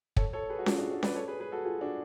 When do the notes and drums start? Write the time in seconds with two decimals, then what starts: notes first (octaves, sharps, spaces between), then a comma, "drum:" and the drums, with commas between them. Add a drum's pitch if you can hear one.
0.16 A4 C#5, drum: kick
0.33 A4 C#5
0.50 G#4 B4
0.58 F#4
0.66 F4 G#4, drum: snare C#4
0.78 D4 F#4
0.91 D4 F#4
1.03 B4 D5, drum: snare C#4
1.15 A4 C#5
1.28 G#4 B4
1.40 G#4 B4
1.52 F#4 A4
1.65 F4 G#4
1.81 D4 F#4